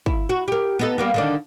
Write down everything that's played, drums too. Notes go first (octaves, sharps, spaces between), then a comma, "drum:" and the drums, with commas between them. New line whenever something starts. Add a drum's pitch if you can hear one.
E4, drum: kick
F#4
G4 A#4
B3 D#4 A4
G3 A#3 B3
D3 D#3 D4